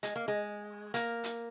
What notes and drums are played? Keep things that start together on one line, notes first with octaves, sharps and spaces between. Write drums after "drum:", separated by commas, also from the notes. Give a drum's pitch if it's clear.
G#3, drum: hi-hat
A#3
G#3
A#3, drum: hi-hat
drum: hi-hat